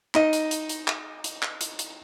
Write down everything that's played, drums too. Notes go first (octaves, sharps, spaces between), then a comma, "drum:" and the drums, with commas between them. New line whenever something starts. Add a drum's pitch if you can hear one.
D#4 D#5, drum: clap
drum: hi-hat
drum: hi-hat
drum: hi-hat
drum: clap
drum: hi-hat
drum: clap
drum: hi-hat
drum: hi-hat